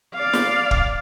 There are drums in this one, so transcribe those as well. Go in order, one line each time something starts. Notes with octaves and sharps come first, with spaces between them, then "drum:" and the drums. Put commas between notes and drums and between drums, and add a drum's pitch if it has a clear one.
D5 F5
drum: snare
drum: kick